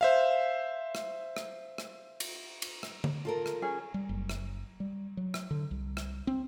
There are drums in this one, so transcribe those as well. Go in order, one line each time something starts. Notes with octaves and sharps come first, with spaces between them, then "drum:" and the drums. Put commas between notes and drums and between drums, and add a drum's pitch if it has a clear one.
C5 E5 F5
drum: rim click
drum: rim click
drum: rim click
drum: cymbal
drum: cymbal
drum: rim click
drum: tom D3
F4 A4 A#4
drum: rim click
C#4 G#4
G3
F#1
drum: rim click
G3
F#3
drum: rim click
D3
C2
drum: rim click
C4